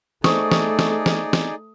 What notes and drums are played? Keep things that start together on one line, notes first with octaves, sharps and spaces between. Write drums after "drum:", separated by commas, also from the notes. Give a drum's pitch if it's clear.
A3 D#4 G#4 C5 D5 C#6 D#6, drum: snare
drum: snare
drum: snare
drum: snare
drum: snare